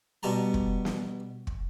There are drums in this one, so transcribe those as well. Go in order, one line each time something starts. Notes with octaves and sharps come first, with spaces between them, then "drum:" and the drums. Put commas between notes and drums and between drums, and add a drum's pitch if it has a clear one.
B2 G3 F#4 A5 A#5
drum: kick
drum: snare
drum: kick